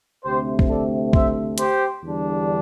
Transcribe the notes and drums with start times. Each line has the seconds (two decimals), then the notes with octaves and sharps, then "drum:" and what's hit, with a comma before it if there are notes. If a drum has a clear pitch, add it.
0.24 D2 C3 A3 C4 G4 C5
0.59 drum: kick
0.69 A4 D5
1.13 C5 E5, drum: kick
1.58 G4 C5, drum: hi-hat
2.03 E2 D3 G3 D4